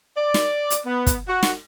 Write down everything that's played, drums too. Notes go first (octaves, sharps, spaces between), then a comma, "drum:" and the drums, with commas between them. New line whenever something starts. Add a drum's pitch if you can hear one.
D5
drum: snare
drum: hi-hat
B3
drum: kick, hi-hat
F#4
drum: snare